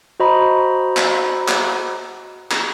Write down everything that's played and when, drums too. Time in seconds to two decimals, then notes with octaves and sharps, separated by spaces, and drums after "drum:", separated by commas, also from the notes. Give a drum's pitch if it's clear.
0.20 F#4 C5 D#5 A#5 B5
0.97 drum: clap
1.48 drum: clap
2.51 drum: clap